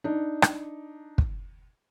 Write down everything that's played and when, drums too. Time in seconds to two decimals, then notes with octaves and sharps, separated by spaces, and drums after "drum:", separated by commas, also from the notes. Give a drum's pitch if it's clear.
0.04 D4 D#4
0.42 drum: rim click
1.18 drum: kick